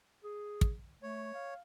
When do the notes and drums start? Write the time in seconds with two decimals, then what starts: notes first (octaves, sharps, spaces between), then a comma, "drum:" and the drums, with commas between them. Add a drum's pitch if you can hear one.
0.24 G#4
0.61 drum: kick
1.03 A3 C#5
1.35 F5